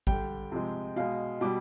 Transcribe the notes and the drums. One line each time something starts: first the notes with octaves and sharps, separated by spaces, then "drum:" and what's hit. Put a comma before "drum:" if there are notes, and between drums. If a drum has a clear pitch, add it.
D3 G3 G5, drum: kick G#1
C3 F3 G#3
B2 G#3 F5
B2 G3 D6